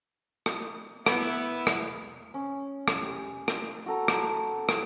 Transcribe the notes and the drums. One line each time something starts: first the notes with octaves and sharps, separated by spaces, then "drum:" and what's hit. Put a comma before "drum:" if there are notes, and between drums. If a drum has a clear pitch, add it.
drum: rim click
B3 E4, drum: rim click
drum: rim click
C#4
drum: rim click
G4
drum: rim click
F#4 A4 A#5
drum: rim click
drum: rim click